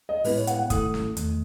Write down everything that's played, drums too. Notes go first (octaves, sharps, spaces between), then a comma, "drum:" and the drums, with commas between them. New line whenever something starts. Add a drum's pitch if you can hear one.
D#5
A2 G#3 B3 E4 B4, drum: open hi-hat
C#5
F#5, drum: hi-hat
F#5
G#2 D#3 A3 E4 A4 D#6, drum: kick, hi-hat
drum: snare
E2 D#3 A3, drum: hi-hat